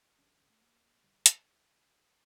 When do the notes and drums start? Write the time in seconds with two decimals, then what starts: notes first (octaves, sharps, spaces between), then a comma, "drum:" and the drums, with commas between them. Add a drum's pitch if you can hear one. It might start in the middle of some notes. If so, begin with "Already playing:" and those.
0.19 G1 G2 D3 C#4
0.49 A3
0.61 A#3
1.04 G1 G2 D3 G3
1.26 drum: hi-hat